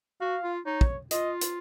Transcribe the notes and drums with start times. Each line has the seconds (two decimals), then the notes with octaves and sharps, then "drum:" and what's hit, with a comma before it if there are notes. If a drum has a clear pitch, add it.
0.21 F#4 F5
0.43 F4
0.66 D#4 C#5
0.81 drum: kick
1.11 F4 D#5, drum: hi-hat
1.41 drum: hi-hat